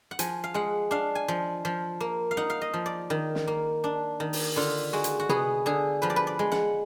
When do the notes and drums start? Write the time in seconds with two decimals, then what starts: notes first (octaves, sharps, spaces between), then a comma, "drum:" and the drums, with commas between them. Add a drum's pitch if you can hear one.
0.11 F#5
0.19 F3 G#5, drum: hi-hat
0.44 F5
0.54 G#3 F#5
0.91 D4 F5
1.15 G#5
1.28 F3
1.65 F3
2.00 A#3
2.31 F5
2.37 D#4 F#5
2.50 F5
2.62 D#5
2.74 F3
2.86 D5
3.10 D#3
3.35 drum: snare
3.47 A#3
3.84 D4
4.20 D#3
4.33 drum: open hi-hat
4.56 D3 F4
4.93 G#3 F#4
5.04 drum: hi-hat
5.20 F#4
5.29 B3 G#4, drum: tom C3
5.66 D3 G#4
6.02 F3 B4
6.10 D5
6.16 B4
6.27 D5
6.39 G#3
6.52 F#5, drum: snare